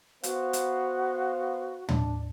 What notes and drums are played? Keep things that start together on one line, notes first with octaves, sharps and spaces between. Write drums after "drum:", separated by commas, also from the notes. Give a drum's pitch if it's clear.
B3 F#4 C5 F5, drum: hi-hat
drum: hi-hat
D4, drum: tom